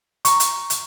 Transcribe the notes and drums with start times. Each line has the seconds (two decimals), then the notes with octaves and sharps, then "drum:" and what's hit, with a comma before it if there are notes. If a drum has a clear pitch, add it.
0.25 A#5 C#6, drum: hi-hat
0.40 drum: hi-hat
0.70 drum: hi-hat